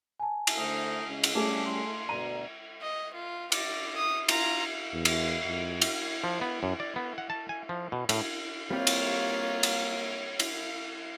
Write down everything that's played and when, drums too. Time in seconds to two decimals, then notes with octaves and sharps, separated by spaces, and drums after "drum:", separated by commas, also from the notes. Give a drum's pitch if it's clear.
0.20 G#5 A5
0.47 drum: cymbal
0.57 D3 A3 D#4 C5
1.06 C#3 G#3
1.24 drum: cymbal
1.35 G3 A3 C#4 G#4 A5 D6
1.66 C6
2.09 D2 B2 D5 A#5 D#7
2.81 D#5
3.13 F4
3.52 D5, drum: cymbal
3.96 D#6
4.29 F4 A#5, drum: cymbal
4.94 E2
5.05 drum: cymbal
5.46 F2
5.82 drum: cymbal
6.24 F3
6.41 B3
6.63 F#2
6.80 D5
6.96 B3
7.18 F#5
7.30 A5
7.49 G#5
7.69 F3
7.92 B2
8.09 A2, drum: cymbal
8.70 G3 A#3 C4 F4 G4 C#5
8.87 drum: cymbal
9.63 drum: cymbal
10.39 drum: cymbal